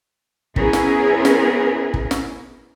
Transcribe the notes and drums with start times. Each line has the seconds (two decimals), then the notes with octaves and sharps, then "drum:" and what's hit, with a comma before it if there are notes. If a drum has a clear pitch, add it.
0.56 B3 C#4 E4 G#4 A#4, drum: kick
0.73 drum: snare
1.25 drum: snare
1.94 drum: kick
2.11 drum: snare